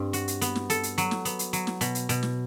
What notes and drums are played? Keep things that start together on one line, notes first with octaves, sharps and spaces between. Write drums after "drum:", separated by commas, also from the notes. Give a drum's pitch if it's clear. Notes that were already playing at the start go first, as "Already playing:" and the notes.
Already playing: G2 C4
F#4, drum: hi-hat
drum: hi-hat
B3, drum: hi-hat
drum: snare
A4, drum: hi-hat
drum: hi-hat
F#3, drum: hi-hat
drum: snare
B3, drum: hi-hat
drum: hi-hat
F#3, drum: hi-hat
drum: snare
B2, drum: hi-hat
drum: hi-hat
B2, drum: hi-hat
drum: snare